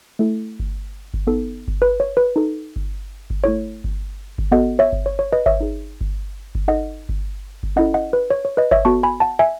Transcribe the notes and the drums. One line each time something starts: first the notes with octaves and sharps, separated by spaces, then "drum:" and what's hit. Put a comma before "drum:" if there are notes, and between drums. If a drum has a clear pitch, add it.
A3 E4 A4
drum: kick G1
drum: kick G1
B3 D#4 A4
drum: kick G1
B4
C#5
B4
D#4 A4
drum: kick G1
drum: kick G1
A3 E4 A4 C#5
drum: kick G1
drum: kick G1
B3 F#4 A4 D#5 F#5
C#5 E5
drum: kick G1
C#5
C#5
B4 D#5
C#5 E5, drum: kick G1
D#4 G#4
drum: kick G1
drum: kick G1
D#4 A4 D#5 F#5
drum: kick G1
drum: kick G1
C#4 E4 A4 D#5 F#5
D#5 F#5
B4
C#5
C#5
B4 D#5
C#5 E5, drum: kick G1
B3 F#4 A4 A5 C#6
G#5 B5
F#5 A5
E5 G#5